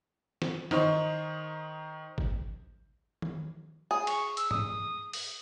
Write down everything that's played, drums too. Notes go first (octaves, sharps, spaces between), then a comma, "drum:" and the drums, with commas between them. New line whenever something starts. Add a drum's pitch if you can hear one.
drum: snare
D#3 D#4 C5 C#6, drum: snare
drum: kick G#1
drum: tom D#3
G#4
C#6, drum: cymbal
E6, drum: hi-hat
D#6, drum: tom G#2
drum: open hi-hat